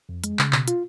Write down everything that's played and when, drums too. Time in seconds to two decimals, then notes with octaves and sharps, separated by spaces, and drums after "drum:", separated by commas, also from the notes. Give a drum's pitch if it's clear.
0.09 F2
0.24 G#3, drum: hi-hat
0.39 C#3, drum: clap
0.53 B2, drum: clap
0.68 F4, drum: hi-hat